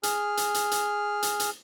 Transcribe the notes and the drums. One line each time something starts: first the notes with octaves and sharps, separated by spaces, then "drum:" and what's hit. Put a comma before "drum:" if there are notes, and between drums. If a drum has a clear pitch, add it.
G#4 F6, drum: hi-hat
drum: hi-hat
drum: hi-hat
drum: hi-hat
drum: hi-hat
drum: hi-hat